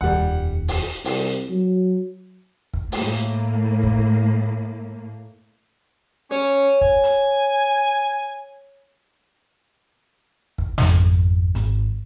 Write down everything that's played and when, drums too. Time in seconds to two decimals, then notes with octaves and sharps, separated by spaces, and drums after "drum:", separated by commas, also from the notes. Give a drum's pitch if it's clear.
0.01 D#1 F2 G3 F#5
0.68 drum: open hi-hat
1.05 C2, drum: open hi-hat
1.50 F#3
2.74 drum: kick
2.92 A2 A#3, drum: open hi-hat
3.83 drum: kick
6.31 C#4 C#5
6.81 G#5, drum: kick
7.04 drum: hi-hat
10.58 drum: kick
10.78 G#1 F2, drum: snare
11.55 G#1, drum: hi-hat